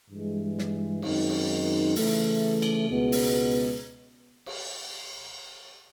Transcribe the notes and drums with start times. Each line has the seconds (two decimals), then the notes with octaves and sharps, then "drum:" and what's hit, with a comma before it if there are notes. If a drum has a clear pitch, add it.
0.09 G2 E3 G#3
0.59 drum: snare
1.02 F#2 D#3 G#3 C4 D#4, drum: cymbal
1.29 drum: cymbal
1.96 C#3 E3 A3, drum: open hi-hat
2.62 drum: cymbal
2.88 C#2 B2 G#3 B3
3.12 drum: open hi-hat
4.46 drum: cymbal